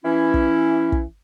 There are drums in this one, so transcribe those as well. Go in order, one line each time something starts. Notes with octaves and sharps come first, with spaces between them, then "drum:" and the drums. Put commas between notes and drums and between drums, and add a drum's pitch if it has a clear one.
E3 C#4 E4
drum: kick
drum: kick